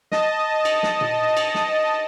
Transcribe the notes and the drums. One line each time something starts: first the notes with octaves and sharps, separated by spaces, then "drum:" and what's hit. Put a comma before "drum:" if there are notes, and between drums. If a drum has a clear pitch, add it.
D#5 A5, drum: snare
drum: cymbal
drum: snare
drum: tom A#2
drum: cymbal
drum: snare